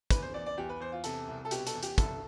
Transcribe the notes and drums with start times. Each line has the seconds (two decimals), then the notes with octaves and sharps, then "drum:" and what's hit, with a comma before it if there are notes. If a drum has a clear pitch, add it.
0.11 E2 B4, drum: kick, hi-hat
0.22 C5
0.34 E2 D5
0.46 D5
0.57 E2 G4
0.69 B4
0.81 E2 C5
0.92 F4
1.04 C3 A4, drum: hi-hat
1.28 C2
1.45 A4
1.51 B2 G4, drum: hi-hat
1.67 A4, drum: hi-hat
1.75 E2
1.83 G4, drum: hi-hat
1.98 C2 A4, drum: kick, hi-hat